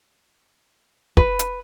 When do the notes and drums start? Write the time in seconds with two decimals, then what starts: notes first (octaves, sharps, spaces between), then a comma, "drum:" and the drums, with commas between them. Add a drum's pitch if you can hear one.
1.17 B4, drum: kick
1.39 drum: hi-hat